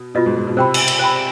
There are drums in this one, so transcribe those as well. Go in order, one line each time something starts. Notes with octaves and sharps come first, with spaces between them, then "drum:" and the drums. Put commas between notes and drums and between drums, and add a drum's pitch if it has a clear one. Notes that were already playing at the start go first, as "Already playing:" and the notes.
Already playing: B2
B2 F4 B4 D#5
G#2
G#2
B2
C3 C5 G5 B5
drum: cymbal
drum: cymbal
C5 G5 B5